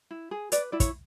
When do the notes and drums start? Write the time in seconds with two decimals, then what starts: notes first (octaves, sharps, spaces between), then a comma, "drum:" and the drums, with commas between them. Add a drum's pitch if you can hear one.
0.11 E4
0.31 G#4
0.52 B4 D5, drum: hi-hat
0.72 E4 D5
0.80 C#5, drum: kick, hi-hat